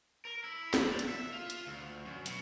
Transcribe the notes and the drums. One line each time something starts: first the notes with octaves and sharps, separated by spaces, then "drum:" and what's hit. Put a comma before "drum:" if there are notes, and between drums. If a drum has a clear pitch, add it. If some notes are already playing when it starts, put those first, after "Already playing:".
A#4
E4
drum: snare
D3
drum: hi-hat
E5
F4
drum: hi-hat
D2
F#2
B2, drum: hi-hat